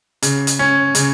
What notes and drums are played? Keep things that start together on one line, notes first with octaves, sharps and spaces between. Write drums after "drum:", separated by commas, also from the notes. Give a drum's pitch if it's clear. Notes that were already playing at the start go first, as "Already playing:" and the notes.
C#3, drum: hi-hat
drum: hi-hat
C#4
C#3, drum: hi-hat